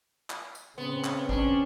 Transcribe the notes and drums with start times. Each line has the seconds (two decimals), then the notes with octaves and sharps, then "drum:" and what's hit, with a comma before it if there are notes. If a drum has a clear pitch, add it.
0.30 drum: clap
0.55 drum: tambourine
0.78 C#3 B3 C4
1.04 drum: clap
1.29 C#4 D4, drum: kick